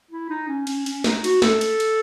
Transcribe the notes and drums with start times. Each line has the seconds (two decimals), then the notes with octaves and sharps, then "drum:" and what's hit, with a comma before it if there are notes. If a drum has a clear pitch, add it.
0.11 E4
0.29 D#4
0.48 C#4
0.67 C#4, drum: cymbal
0.86 C#4, drum: cymbal
1.04 D#4, drum: snare
1.24 F#4, drum: cymbal
1.42 A4, drum: snare
1.61 drum: cymbal
1.80 drum: cymbal